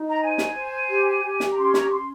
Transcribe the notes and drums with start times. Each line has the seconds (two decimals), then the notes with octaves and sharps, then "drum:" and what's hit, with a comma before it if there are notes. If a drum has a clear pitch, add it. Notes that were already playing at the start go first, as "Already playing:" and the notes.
Already playing: D#4
0.09 A#5
0.22 C5 G#5
0.38 drum: snare
0.55 C5
0.89 G4
1.23 G4
1.40 drum: snare
1.52 A#5
1.57 C#4 C6
1.74 A#5, drum: snare
1.86 C#6
1.91 C#4 C6